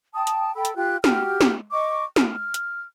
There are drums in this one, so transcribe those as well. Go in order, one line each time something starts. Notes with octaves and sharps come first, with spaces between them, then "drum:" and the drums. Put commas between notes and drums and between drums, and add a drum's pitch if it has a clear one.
G5 A5 D#6
drum: hi-hat
A4 G5 B5 E6
drum: hi-hat
F4 G4 G5 F#6
F#4 G4 F6, drum: snare
drum: snare
D#5 C#6 D6
F6, drum: snare
drum: hi-hat